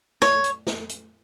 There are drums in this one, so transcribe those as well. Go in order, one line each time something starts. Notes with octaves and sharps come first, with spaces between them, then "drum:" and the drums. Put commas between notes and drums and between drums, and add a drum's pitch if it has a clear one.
C#5, drum: snare
drum: hi-hat
drum: snare
drum: hi-hat